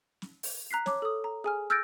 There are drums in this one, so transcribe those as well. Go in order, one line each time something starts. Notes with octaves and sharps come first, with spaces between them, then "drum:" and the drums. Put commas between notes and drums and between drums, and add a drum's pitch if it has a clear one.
drum: snare
drum: open hi-hat
A#5 F#6 B6 C7
C#5 A5 D6, drum: snare
A4 D#6
A#5
G#4 G#5 F6
E6 F6 G6 A6 A#6 D7